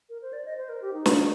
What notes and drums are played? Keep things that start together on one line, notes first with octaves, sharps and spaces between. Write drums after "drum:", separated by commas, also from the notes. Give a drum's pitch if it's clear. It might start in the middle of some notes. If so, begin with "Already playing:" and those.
A#4
C5
D5
D#5
C5
A#4
G4
D#4
drum: snare